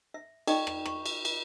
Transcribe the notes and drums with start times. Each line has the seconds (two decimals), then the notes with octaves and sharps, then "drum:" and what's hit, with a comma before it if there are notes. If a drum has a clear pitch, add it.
0.14 E5
0.47 D#4 A4 D5 D#5 G5 C#6, drum: cymbal
0.67 drum: rim click
0.86 C#6, drum: rim click
1.06 drum: cymbal
1.25 drum: cymbal